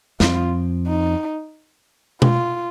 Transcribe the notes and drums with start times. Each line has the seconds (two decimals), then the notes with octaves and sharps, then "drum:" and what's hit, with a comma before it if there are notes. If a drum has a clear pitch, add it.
0.20 F2 F3 C4 F4, drum: snare
0.87 D#4
2.22 F4, drum: tom B2